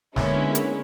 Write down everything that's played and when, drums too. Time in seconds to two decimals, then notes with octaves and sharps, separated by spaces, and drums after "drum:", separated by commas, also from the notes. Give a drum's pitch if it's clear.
0.16 D3 G#3 A#3 B3 C#4 E4, drum: snare
0.55 drum: hi-hat